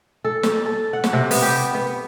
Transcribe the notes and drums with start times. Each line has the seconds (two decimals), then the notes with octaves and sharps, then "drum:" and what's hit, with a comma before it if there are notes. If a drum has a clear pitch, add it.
0.24 A4
0.43 drum: snare
0.66 A4
0.93 F#5
1.04 drum: snare
1.13 C3
1.31 B3, drum: open hi-hat
1.42 G4
1.75 B3